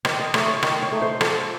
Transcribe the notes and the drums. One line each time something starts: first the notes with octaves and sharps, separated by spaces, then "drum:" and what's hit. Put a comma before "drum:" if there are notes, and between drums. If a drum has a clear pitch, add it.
D#3 C5, drum: rim click
D#5
A3 D#4 C#5, drum: rim click
C#5
D#3 F5, drum: rim click
C#5
A3 D#4
C5
F3 A4, drum: rim click